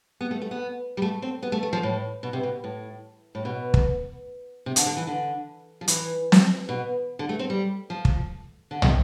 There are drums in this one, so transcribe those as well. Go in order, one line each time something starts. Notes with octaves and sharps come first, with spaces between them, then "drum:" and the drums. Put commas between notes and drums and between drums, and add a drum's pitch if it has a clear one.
B3
A3
A3
B3
G3
A3
C4
B3
A3
A3
F3
A2
B2
C3
B2
A2
A2
B2
drum: kick
C3
D3, drum: hi-hat
D3
E3
D3
F3
E3, drum: hi-hat
drum: snare
B2
D3
A3
C4
G3
F3
drum: kick
D3
C3, drum: tom